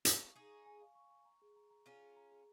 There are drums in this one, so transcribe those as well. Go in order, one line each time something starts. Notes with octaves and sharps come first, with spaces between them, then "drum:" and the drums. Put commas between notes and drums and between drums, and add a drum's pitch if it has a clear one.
C#4 F4 C#6, drum: hi-hat
F5
D#4 G#4 G#5
C#6
G#5
F5
C#6
C#6
A#5
G#4
A#5
A#5
C#4 F4 G#4
G#4
A#5
G#4